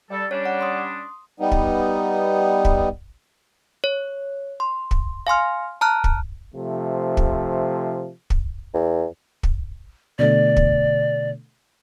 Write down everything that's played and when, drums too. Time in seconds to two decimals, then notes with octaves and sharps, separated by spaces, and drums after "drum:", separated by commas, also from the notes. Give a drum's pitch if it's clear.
0.11 G3 A4
0.31 G3 C#4 D4 C#5
0.45 F#5
0.61 C6 D#6
1.40 G3 B3 D#4
1.52 drum: kick
2.65 drum: kick
3.84 C#5
4.60 C6
4.91 drum: kick
5.27 F5 G#5 C6 F6
5.81 A5 A#5 F6 F#6
6.04 drum: kick
6.54 C3 F3 A3
7.17 drum: kick
8.30 drum: kick
8.74 E2
9.43 drum: kick
10.19 B2 D3 A3 D5
10.56 drum: kick